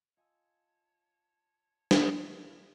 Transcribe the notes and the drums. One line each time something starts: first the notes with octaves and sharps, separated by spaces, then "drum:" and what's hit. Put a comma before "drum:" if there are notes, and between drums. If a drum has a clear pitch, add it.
F4 C#5 D#5 G#5 A5 E6
drum: snare